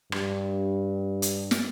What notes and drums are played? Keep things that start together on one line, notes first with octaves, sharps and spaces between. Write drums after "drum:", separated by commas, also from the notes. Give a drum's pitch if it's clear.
G2, drum: rim click
drum: hi-hat
drum: snare